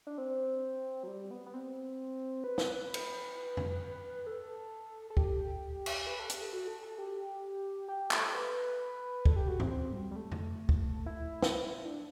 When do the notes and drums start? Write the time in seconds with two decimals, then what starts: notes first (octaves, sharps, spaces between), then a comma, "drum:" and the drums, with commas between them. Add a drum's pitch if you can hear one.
0.07 D4
0.18 C4
1.03 F#3
1.08 G3
1.31 B3
1.46 B3
1.54 C4
2.44 B4
2.58 drum: snare
2.94 drum: cymbal
3.57 drum: tom F2
4.27 A4
5.10 A4
5.17 G4, drum: kick
5.86 drum: cymbal
6.07 B4
6.19 A4
6.30 G4, drum: hi-hat
6.42 A4
6.53 F#4
6.68 A4
6.83 A4
6.99 G4
7.88 G4
8.11 A4, drum: clap
8.29 A4
8.35 B4
9.25 A4, drum: kick
9.36 G4
9.48 F#4
9.60 C4, drum: tom G#2
9.71 C4
9.93 G3
10.11 G3
10.16 A3
10.32 drum: tom F2
10.69 drum: kick
11.06 E4
11.42 drum: snare
11.85 D4